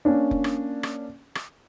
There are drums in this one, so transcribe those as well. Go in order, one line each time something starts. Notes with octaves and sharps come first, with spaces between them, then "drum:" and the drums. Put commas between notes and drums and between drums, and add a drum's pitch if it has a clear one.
A#3 C#4 D4
drum: kick F1
drum: rim click
drum: rim click
drum: rim click